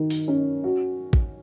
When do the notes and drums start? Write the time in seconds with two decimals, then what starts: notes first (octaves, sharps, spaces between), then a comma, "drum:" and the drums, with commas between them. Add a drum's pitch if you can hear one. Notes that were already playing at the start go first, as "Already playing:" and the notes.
Already playing: D#3
0.10 drum: open hi-hat
0.28 C#4
0.64 F#4
1.13 drum: kick A1